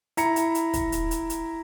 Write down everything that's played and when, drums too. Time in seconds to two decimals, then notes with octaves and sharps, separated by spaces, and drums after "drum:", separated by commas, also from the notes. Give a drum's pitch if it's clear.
0.17 E4 A#5 C#7, drum: hi-hat
0.36 drum: hi-hat
0.55 drum: hi-hat
0.73 drum: kick, hi-hat
0.92 drum: hi-hat
1.11 drum: hi-hat
1.30 drum: hi-hat